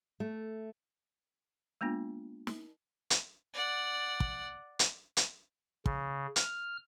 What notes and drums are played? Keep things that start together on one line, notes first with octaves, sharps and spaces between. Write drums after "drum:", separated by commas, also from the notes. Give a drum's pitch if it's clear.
A3
G#3 A#3 B3 D4 F4
drum: snare
drum: hi-hat
D5 F#5
drum: kick
drum: hi-hat
drum: hi-hat
C#3, drum: kick
F6, drum: hi-hat